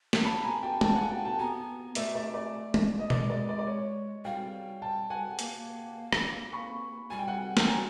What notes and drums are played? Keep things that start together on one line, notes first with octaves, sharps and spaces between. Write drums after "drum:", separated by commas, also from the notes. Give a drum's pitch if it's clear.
drum: snare
A#3 A5 B5
G#5 A#5
G5 A5
G5 A5, drum: tom
F#5 G#5
G5 A5
G5 A5
B3 G#5 A#5
A3 D5 E5, drum: hi-hat
D5 E5
D5
drum: tom
D#5
G#3 D5, drum: tom B2
D5
D5
D5
C#5
G3 F5 G5
G5 A5
F#5 G#5
A#3, drum: hi-hat
drum: rim click
B5 C#6
G3 G#5
G5
F#5 G#5
drum: snare
G#5 A#5